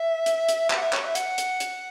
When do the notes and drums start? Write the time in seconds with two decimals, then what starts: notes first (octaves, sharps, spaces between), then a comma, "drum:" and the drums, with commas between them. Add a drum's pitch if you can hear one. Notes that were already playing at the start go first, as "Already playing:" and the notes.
Already playing: E5
0.26 drum: hi-hat
0.49 drum: hi-hat
0.70 E5, drum: clap
0.78 F#5
0.81 E5
0.93 C#5, drum: clap
1.05 E5
1.15 F#5, drum: hi-hat
1.38 drum: hi-hat
1.60 drum: hi-hat